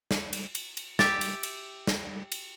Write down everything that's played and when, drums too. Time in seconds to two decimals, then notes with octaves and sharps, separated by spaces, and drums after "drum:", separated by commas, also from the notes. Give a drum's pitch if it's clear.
0.11 drum: snare
0.33 drum: cymbal
0.55 drum: cymbal
0.77 drum: cymbal
0.99 G4 E5 A6, drum: snare
1.21 drum: cymbal
1.43 drum: cymbal
1.87 drum: snare
2.32 drum: cymbal